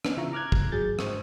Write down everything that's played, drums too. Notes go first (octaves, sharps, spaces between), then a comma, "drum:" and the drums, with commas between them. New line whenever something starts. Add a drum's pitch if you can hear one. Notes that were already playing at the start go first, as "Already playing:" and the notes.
B3 C#4 D4, drum: rim click
C#3 E3 F4 E5 A#5 C#6
A#5 D6 F6 F#6 G#6
drum: kick
G#1 F#3 G#4 G6 A6
G#2 C5 C#6 D#6, drum: rim click